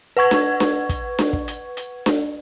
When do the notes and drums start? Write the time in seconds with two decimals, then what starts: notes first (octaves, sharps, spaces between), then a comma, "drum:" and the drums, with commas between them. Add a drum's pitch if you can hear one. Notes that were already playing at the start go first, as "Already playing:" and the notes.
0.17 B4 F#5 C#6 G#6
0.31 drum: snare D4
0.60 drum: snare D4
0.89 drum: kick, hi-hat
1.19 drum: snare D4
1.33 drum: kick
1.48 drum: hi-hat
1.77 drum: hi-hat
2.06 drum: snare D4